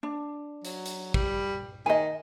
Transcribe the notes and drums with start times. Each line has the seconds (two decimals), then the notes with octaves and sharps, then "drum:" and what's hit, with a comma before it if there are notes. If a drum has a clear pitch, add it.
0.03 D4
0.65 F#3, drum: hi-hat
0.86 drum: hi-hat
1.14 G3, drum: kick
1.86 D#3 D#5 G#5